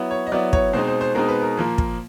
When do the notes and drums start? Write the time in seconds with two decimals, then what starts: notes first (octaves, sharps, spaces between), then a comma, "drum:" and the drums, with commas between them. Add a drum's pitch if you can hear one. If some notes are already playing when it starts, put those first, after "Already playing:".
Already playing: F#3 B3 E4
0.11 C#5
0.27 D#5
0.32 F#3 B3 E4 D5
0.53 C#5, drum: kick
0.73 B2 G#3 C4 D#4 C5
0.87 C5
1.01 C5
1.15 B2 G#3 C4 D#4 A#4
1.28 B4
1.42 A#4
1.57 A#2 F3 A#3
1.78 drum: kick